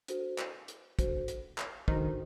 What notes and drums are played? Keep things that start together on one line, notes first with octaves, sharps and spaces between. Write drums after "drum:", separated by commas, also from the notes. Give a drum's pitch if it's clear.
D4 F#4 A4 C5, drum: hi-hat
drum: clap
drum: hi-hat
D4 F#4 A4 C5, drum: kick, hi-hat
drum: hi-hat
drum: clap
D#3 D4 F#4 A4 C5, drum: kick